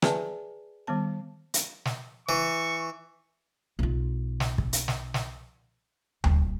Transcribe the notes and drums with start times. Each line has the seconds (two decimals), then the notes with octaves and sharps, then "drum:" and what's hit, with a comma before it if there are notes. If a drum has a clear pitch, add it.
0.02 G#4 B4 D5 E5 G#5 A5, drum: rim click
0.87 D#3 G3 B3 A5
1.54 drum: hi-hat
1.85 drum: snare
2.29 E3 C#6
3.79 B1 F4
4.40 drum: snare
4.58 drum: kick
4.73 drum: hi-hat
4.88 drum: snare
5.14 drum: snare
6.24 D#1, drum: tom D2